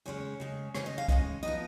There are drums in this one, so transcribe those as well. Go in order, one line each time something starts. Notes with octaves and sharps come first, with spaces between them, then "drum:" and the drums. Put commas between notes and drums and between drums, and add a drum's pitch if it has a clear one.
C#3 G#3 C#4 C#5
C#3 G#3 C#4
C#3 G#3 C#4 C#5, drum: rim click
D#5
F5
C#3 G#3 C#4 D#5, drum: kick B1
F3 B3 D#4 D#5